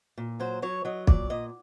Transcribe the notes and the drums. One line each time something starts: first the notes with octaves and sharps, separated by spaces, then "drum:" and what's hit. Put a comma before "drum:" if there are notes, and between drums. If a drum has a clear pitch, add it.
A#2
F#3 C5
F#3 C#5
F#3 D#5
A#2 D5, drum: kick
A#2 D#5